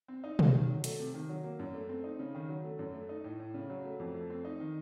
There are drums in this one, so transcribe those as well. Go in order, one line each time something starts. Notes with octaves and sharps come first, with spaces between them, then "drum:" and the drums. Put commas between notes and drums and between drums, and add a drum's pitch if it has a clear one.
C4
D#4
F#2, drum: tom
D#3
F#3
A3, drum: hi-hat
C3
D#3
F#3
A#3
F#2
A3
C4
D#4
C#3
D#3
F#3
A3
F#2
A3
D#4
A2
A2
C#3
F#3
A3
F2
A3
C4
D#4
D#3